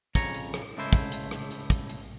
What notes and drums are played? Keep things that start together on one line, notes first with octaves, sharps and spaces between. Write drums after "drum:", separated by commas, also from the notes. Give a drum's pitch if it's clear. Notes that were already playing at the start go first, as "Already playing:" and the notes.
F2 C#3 C#5 A#5, drum: kick, hi-hat
drum: hi-hat
drum: rim click
C#3 G#3 A3 E4 C5
drum: kick, hi-hat
drum: hi-hat
drum: rim click
drum: hi-hat
drum: kick, hi-hat
drum: hi-hat